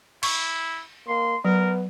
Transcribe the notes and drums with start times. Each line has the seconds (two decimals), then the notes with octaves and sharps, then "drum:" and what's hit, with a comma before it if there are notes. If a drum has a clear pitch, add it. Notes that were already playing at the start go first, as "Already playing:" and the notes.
0.23 E4 C#6, drum: cymbal
1.08 A#3 C6
1.45 F#3 B3 A#4